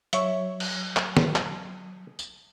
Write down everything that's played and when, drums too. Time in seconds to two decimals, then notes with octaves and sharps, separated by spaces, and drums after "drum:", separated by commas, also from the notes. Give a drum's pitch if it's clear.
0.13 F#3 C#5 E5, drum: hi-hat
0.60 drum: cymbal
0.97 drum: clap
1.17 drum: snare
1.36 drum: clap
2.19 drum: tambourine